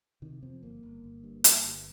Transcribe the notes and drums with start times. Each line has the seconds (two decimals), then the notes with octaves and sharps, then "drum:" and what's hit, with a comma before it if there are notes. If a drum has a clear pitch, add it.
0.22 C3 D#3
0.43 F2 C4
0.63 G1 A#3
0.83 G1
1.04 G1
1.24 G2
1.44 G2, drum: hi-hat
1.64 G1